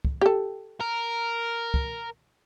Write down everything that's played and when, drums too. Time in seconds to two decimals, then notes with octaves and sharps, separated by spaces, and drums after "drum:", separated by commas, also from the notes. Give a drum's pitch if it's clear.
0.05 drum: kick
0.21 G4 A4
0.80 A#4
1.74 drum: kick